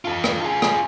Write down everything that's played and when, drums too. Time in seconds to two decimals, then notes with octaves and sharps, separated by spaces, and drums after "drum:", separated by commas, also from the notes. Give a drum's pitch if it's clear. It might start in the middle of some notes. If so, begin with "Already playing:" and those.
0.05 F4 A4
0.24 drum: rim click
0.41 F4 G#4
0.62 drum: rim click